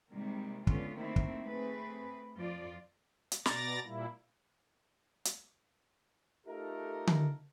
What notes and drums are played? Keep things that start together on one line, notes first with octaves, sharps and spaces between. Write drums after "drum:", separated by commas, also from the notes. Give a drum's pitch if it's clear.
C3 D#3 G3 G#3 A#3
D3 G#3 B3 C#4 F4, drum: kick
D#3 A3 A#3 C4 E4
drum: kick
A3 C4 G#4 B4
F2 F3 F4 D5
drum: hi-hat
B2 D5 A#5 A6 A#6, drum: snare
A#2 G3 A#3 E4
drum: hi-hat
A3 D#4 F4 G4 A4 A#4
drum: tom D3